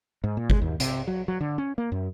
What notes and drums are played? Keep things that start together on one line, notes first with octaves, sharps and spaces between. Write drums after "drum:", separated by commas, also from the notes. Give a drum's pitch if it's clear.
G#2
A#2
G#3, drum: kick G1
D#2
C3, drum: hi-hat
F#3
F#3
D3
C#4
A#3
F#2